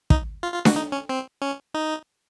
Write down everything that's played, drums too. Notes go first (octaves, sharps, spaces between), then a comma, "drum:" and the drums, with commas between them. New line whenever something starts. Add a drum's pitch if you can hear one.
D#4, drum: kick
F4
F4
F#4, drum: snare D4
D#4
C#4
C4
C#4
D#4